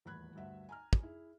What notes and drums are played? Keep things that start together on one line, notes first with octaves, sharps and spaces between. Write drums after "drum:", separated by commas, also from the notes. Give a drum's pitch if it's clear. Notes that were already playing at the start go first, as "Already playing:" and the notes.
D#1 E2 A2 B5 F#6 G#6
D2 G2 E5 F#5
G#5 A#5 F6
drum: kick
E4 G#4